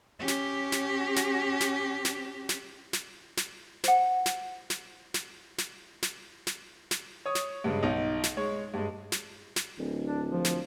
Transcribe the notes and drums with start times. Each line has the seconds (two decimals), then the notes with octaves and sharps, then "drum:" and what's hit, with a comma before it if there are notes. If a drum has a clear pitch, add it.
0.19 C#4 G4
0.28 drum: snare
0.72 drum: snare
1.16 drum: snare
1.60 drum: snare
2.05 drum: snare
2.49 drum: snare
2.93 drum: snare
3.37 drum: snare
3.84 C5 F#5, drum: snare
4.26 drum: snare
4.70 drum: snare
5.14 drum: snare
5.58 drum: snare
6.03 drum: snare
6.47 drum: snare
6.91 drum: snare
7.26 C#5 D#6
7.35 drum: snare
7.64 G2 C#3 G#3
7.83 B1 D#4
8.24 drum: snare
8.37 G#3 C#5
8.74 G2 G#3
9.12 drum: snare
9.56 drum: snare
9.78 D1
10.06 D4
10.30 F3
10.45 drum: snare